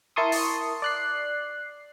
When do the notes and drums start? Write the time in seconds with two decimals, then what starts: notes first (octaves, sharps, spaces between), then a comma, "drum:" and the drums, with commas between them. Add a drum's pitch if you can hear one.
0.16 E4 A#4 A5 C6 C#6 D#6
0.32 drum: open hi-hat
0.82 D5 F#6 C7